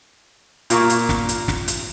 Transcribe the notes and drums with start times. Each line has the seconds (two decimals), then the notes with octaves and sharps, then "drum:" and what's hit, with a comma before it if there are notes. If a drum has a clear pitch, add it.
0.70 A#2 A#3 C#6, drum: hi-hat
0.90 drum: hi-hat
1.09 drum: snare
1.29 drum: hi-hat
1.48 drum: snare
1.68 drum: hi-hat